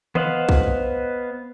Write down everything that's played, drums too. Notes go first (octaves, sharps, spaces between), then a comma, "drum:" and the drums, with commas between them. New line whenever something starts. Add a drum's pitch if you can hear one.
B3 C5 D#5 F5 F#5, drum: tom D#3
drum: kick